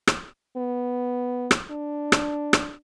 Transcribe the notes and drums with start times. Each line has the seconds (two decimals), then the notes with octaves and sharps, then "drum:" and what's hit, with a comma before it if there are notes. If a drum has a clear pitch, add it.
0.07 drum: rim click
0.57 B3
1.51 drum: rim click
1.71 D4
2.12 drum: rim click
2.53 drum: rim click